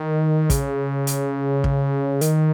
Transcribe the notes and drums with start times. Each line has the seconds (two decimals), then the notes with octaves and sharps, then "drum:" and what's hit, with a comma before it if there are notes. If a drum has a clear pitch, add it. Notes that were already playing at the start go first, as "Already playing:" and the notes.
Already playing: D#3
0.50 C#3, drum: kick, hi-hat
1.07 drum: hi-hat
1.64 drum: kick
2.21 D#3, drum: hi-hat